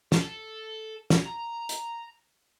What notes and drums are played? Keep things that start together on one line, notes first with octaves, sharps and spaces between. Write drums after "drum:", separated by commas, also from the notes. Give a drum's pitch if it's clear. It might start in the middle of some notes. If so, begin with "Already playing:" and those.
A4, drum: snare
drum: snare
A#5
drum: hi-hat